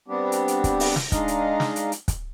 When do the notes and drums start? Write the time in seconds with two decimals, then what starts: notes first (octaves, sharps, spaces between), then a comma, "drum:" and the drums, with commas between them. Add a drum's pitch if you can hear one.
0.08 G3 B3 C4 D4 G4
0.32 drum: hi-hat
0.48 drum: hi-hat
0.64 drum: kick, hi-hat
0.80 drum: open hi-hat
0.96 drum: snare
1.12 G#3 D4 D#4 D#5 F5, drum: kick, hi-hat
1.28 drum: hi-hat
1.60 drum: snare
1.76 drum: hi-hat
1.92 drum: hi-hat
2.08 drum: kick, hi-hat